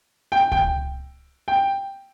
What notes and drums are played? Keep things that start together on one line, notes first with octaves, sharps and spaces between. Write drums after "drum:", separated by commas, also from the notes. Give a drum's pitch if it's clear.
G5
G5, drum: kick C#2
G5